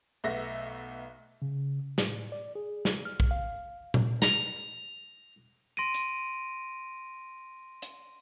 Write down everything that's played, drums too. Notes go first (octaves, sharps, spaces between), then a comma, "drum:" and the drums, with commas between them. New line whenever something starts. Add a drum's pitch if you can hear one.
B1 A3 B3 E5 A#6
C#3
A2, drum: snare
D5
G#4
drum: snare
F6
drum: kick
F5
drum: tom A#2
A#5, drum: snare
C6 A#6 D7 D#7
drum: hi-hat
drum: hi-hat